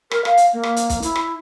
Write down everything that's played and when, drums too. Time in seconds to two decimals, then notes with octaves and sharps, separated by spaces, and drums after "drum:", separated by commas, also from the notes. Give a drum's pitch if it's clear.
0.11 A#4, drum: rim click
0.25 F5, drum: rim click
0.37 drum: hi-hat
0.53 A#3
0.63 drum: rim click
0.76 drum: hi-hat
0.89 drum: kick, hi-hat
1.02 E4, drum: hi-hat
1.15 drum: rim click